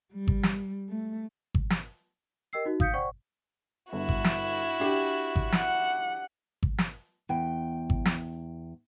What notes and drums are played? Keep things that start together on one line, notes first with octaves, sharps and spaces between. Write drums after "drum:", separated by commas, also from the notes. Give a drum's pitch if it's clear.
G3
drum: kick G#1
drum: snare
A3
drum: kick G#1
drum: snare
G4 A#4 D#5 G5 E6 C7
D#4 F#4
F5 D#6 G6 B6 C#7, drum: kick G#1
C5 D5 F#5 G5 C#6
G1 E4 F#4
drum: kick G#1
drum: snare
D4 G4
drum: kick G#1
F#5, drum: snare
drum: kick G#1
drum: snare
E2 G5
drum: kick G#1
drum: snare